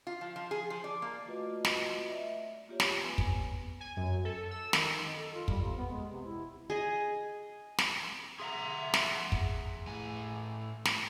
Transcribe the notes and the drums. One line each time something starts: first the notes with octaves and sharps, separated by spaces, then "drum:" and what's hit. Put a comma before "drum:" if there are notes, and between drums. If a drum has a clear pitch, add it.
F4
F3
F3
G#4
F3
D5
A#3
A3 F4 F#4 B4 D#5
drum: snare
D5 E5
A#3 F4 G4 C#5
drum: snare
B3 B4 G#5
drum: kick
G#5
F#2
A4
E6
D#3, drum: snare
A4
F4
G3, drum: kick
C3
B3
G#3
C3
E4
G#4 D#5
drum: snare
G#4 E5 F#5 A#5 C6
drum: snare
drum: kick
A2 G#5
drum: snare